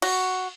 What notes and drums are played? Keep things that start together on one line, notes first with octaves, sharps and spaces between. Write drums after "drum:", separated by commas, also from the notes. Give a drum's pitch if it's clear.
F#4, drum: cymbal